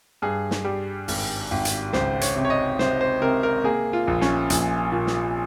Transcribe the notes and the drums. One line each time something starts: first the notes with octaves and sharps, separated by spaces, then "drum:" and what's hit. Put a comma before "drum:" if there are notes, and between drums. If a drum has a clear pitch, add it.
G2 G#4
drum: snare
G3
G#1, drum: open hi-hat
G#1
drum: hi-hat
C#2 C5, drum: snare
C#5, drum: hi-hat
C3
C#5
D#5
C3 C5, drum: snare
C5
C3 A#4
A#4
A#3 G#4
F4
A#1
C#4, drum: snare
A#1, drum: hi-hat
A#2
drum: snare